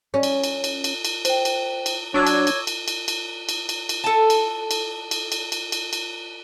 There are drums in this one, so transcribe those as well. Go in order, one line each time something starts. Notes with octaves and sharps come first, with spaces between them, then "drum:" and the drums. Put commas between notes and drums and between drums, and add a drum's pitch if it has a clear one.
C#4
drum: cymbal
drum: cymbal
drum: cymbal
drum: cymbal
drum: cymbal
C5 G5, drum: cymbal
drum: cymbal
drum: cymbal
F#3 D4 C#5 C#6 D6 E6
drum: cymbal
drum: cymbal
drum: cymbal
drum: cymbal
drum: cymbal
drum: cymbal
drum: cymbal
drum: cymbal
A4 A5
drum: cymbal
drum: cymbal
drum: cymbal
drum: cymbal
drum: cymbal
drum: cymbal
drum: cymbal